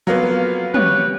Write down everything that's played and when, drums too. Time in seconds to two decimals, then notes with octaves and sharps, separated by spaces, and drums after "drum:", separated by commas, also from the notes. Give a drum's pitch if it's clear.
0.07 F2 F#3 A#3 B3 F5
0.74 G4 B4 C#5, drum: tom